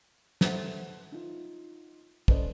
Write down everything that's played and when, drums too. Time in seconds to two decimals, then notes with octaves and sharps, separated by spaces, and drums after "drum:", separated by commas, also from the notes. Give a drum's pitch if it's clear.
0.41 A4 B4 C5 E5 F#5, drum: snare
1.12 D#4 F4
2.28 C#4 A4 B4 C5 D5 D#5, drum: kick